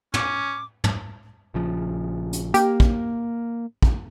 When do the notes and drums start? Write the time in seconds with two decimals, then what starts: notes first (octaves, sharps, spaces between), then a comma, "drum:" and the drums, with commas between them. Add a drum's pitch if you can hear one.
0.14 C#4 D6, drum: tom
0.84 drum: tom
1.54 A#1 C#3 F3
2.33 drum: hi-hat
2.54 A#3 G4, drum: hi-hat
2.80 drum: kick
3.83 drum: kick